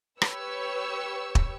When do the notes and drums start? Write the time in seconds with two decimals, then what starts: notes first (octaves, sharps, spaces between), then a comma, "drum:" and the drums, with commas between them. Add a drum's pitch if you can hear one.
0.22 G4 B4 C#5 C#6 E6, drum: rim click
1.35 drum: kick